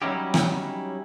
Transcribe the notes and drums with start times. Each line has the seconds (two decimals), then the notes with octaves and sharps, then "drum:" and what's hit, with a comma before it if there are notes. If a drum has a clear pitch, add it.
0.02 F#3 G3 C#4 D#4 E4 G4
0.34 drum: rim click